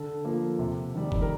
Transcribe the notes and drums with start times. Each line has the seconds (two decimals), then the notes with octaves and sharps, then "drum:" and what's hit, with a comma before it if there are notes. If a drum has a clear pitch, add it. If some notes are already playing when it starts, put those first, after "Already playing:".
Already playing: D3 A4
0.25 F3 A#3
0.59 C3
0.95 D#3 G3
1.12 drum: kick
1.22 A#4